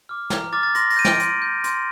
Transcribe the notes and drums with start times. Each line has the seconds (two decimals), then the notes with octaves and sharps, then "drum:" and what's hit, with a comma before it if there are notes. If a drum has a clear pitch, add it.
0.09 D6 F6
0.30 A#5, drum: snare
0.53 D6 F6 A6
0.63 A6
0.75 C6 A#6, drum: hi-hat
0.90 A#6, drum: open hi-hat
0.96 G6 D#7
1.05 D7, drum: snare
1.20 C6, drum: hi-hat
1.42 G6
1.64 C6, drum: hi-hat